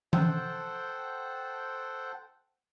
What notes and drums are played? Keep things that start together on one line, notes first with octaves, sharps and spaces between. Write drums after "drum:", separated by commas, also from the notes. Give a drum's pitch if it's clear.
A4 C5 F#5 G5, drum: tom E3